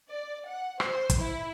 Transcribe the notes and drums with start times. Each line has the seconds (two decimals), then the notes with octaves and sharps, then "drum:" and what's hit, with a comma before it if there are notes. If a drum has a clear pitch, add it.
0.10 D5
0.47 F#5
0.80 C5, drum: rim click
1.10 drum: kick, hi-hat
1.20 E4